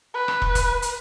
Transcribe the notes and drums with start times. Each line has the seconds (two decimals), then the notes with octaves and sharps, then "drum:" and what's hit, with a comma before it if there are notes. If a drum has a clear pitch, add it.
0.15 B4
0.28 drum: rim click
0.42 drum: kick
0.55 drum: kick, hi-hat
0.82 drum: hi-hat